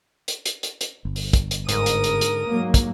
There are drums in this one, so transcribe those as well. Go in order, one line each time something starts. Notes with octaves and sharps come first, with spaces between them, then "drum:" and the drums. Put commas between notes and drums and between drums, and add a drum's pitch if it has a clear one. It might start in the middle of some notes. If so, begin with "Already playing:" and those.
drum: hi-hat
drum: hi-hat
drum: hi-hat
drum: hi-hat
G1
drum: open hi-hat
drum: kick, hi-hat
drum: hi-hat
G#2 D3 A#4 D#6, drum: hi-hat
drum: hi-hat
drum: hi-hat
drum: hi-hat
G#2 F#3 A#3
drum: kick, hi-hat